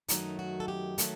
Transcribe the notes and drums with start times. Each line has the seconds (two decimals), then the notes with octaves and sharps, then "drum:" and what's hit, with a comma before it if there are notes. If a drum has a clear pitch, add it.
0.09 F#2 D#3 F#3 A3 D#4, drum: hi-hat
0.39 F#4
0.60 A4
0.68 G4
0.98 D#3 F#3 A3, drum: hi-hat